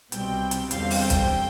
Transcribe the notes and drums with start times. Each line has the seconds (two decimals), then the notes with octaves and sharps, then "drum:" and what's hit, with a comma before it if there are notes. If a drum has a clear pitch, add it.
0.12 C2 B2 G3 C4 G5, drum: hi-hat
0.51 drum: hi-hat
0.71 E2 D3 G3 C4 F5, drum: hi-hat
0.90 drum: open hi-hat
1.00 G5
1.10 drum: kick, hi-hat